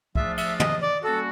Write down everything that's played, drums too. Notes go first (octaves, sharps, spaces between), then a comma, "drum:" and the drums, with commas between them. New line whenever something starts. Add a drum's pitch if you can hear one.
F3 A3 D4 F4 G#4 E5, drum: kick C2
E5, drum: cymbal
D#5, drum: tom
D5
G3 A#3 C#4 F#4 A4